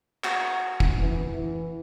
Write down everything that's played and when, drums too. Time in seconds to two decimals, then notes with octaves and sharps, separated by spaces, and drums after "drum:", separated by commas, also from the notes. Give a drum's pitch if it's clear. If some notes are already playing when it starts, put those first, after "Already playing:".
0.24 F#4 A#4 G#5, drum: clap
0.80 drum: kick
0.99 E3
1.35 E3